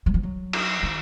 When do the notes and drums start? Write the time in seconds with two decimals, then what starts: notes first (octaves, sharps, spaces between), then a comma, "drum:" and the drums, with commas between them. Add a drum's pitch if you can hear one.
0.06 F#3
0.14 F3
0.23 F#3
0.53 drum: cymbal
0.83 D#3